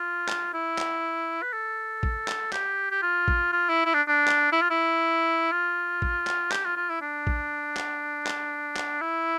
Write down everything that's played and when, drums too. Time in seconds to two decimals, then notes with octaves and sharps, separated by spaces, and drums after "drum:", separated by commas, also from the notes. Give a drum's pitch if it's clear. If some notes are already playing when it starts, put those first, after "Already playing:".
Already playing: F4
0.28 drum: clap
0.54 E4
0.78 drum: clap
1.42 B4
1.53 A4
2.03 drum: kick
2.28 drum: clap
2.53 G4, drum: clap
2.91 G4
3.02 F4
3.28 drum: kick
3.52 F4
3.69 E4
3.86 E4
3.94 D4
4.08 D4
4.27 drum: clap
4.52 E4
4.62 F4
4.70 E4
5.52 F4
6.02 drum: kick
6.27 drum: clap
6.51 G4, drum: clap
6.65 F4
6.76 F4
6.89 E4
7.02 D4
7.27 drum: kick
7.77 drum: clap
8.27 drum: clap
8.76 drum: clap
9.01 E4